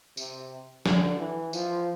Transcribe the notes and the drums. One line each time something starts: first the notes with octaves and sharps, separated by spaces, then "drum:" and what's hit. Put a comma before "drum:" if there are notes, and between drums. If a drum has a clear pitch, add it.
C3, drum: tambourine
D3, drum: snare
E3
F3, drum: tambourine